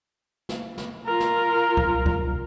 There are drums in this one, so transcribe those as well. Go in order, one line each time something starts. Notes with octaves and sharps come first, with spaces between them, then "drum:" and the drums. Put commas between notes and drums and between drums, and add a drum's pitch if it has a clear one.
drum: snare
drum: snare
F4 A#4
drum: snare
drum: kick C2
drum: kick C2